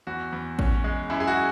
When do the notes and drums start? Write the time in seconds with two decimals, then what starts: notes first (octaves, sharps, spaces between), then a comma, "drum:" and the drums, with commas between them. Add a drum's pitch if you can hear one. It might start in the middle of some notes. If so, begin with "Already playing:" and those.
0.07 E2 F#4
0.32 E2
0.59 C#4, drum: kick A1
0.84 G#3
1.10 F#2 E4
1.20 G#4
1.27 F#4